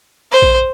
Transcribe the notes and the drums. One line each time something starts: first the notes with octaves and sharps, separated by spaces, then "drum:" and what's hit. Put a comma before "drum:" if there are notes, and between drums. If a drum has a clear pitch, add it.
C5
drum: kick A#1